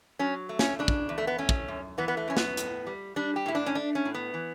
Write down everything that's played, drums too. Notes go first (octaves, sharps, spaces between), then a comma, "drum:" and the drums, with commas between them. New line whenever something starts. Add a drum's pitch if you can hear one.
F#3 C#4
A3
C#4, drum: snare
C#3 D4
drum: kick
E2
A3
B3
A3 C#4
drum: kick
F#2
E3 B3
B3
A3
F#2 C#4
B3, drum: snare
A2, drum: hi-hat
G3
G3 D4
G4
A2 E4
D4
C#4
A3 D4
C#4
A2
B3
E3